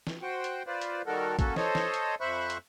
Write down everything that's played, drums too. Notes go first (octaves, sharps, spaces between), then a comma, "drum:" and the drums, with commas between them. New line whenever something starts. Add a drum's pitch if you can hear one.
drum: snare
F#4 C5 F#5 G5
drum: hi-hat
F4 B4 C5 D5
drum: hi-hat
D#3 G3 F#4 A4 A#4
A#3 C#4 F#4 A4, drum: kick, hi-hat
A4 C5 C#5 D#5, drum: snare
drum: snare
drum: hi-hat
F2 C5 E5 B5 C#6 F#6
drum: hi-hat